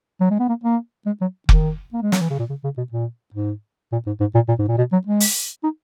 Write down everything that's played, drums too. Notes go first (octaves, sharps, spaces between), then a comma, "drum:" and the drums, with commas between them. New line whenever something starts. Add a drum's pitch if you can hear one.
F#3
G#3
B3
A#3
A#3
G#3
F#3
D#3, drum: kick F1
A#3
G#3
F#3, drum: snare
E3
C#3
A#2
C#3
C#3
B2
A#2
G#2
A#2
G#2
G#2
A#2
A#2
G#2
A#2
B2
F#3
G#3
drum: open hi-hat
D#4